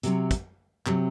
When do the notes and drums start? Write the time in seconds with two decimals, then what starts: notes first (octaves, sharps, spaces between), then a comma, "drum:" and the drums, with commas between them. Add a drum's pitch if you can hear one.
0.03 C3 F#3 C4, drum: hi-hat
0.31 drum: kick, hi-hat
0.86 C3 F#3 C4, drum: clap